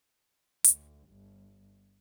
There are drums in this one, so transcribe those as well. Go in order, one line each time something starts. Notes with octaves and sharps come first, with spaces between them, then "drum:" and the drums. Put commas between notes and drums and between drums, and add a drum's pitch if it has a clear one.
D2, drum: hi-hat
G1